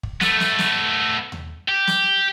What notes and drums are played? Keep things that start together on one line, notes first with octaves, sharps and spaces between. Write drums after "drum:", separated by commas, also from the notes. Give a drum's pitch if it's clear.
drum: kick
A3 B3, drum: snare
drum: snare
drum: snare
drum: tom D#2
G4
drum: snare